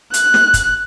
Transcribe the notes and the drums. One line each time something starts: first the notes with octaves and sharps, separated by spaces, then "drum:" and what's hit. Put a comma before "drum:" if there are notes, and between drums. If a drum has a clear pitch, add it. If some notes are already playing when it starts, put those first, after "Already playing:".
F#6, drum: hi-hat
drum: snare
drum: kick, hi-hat